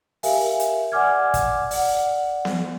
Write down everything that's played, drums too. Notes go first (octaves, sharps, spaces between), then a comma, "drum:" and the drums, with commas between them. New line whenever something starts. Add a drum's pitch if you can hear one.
G4 A#4 E5 F5 G#5, drum: open hi-hat
drum: hi-hat
D5 F#5 G#5 D6 F6 G#6
drum: kick, hi-hat
D5 F#5, drum: open hi-hat
drum: snare B3